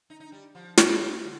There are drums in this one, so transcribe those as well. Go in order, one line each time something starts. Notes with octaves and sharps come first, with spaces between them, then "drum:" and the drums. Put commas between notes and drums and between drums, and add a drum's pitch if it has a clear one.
D#4
D#4
G3
F3
D#3, drum: snare
D3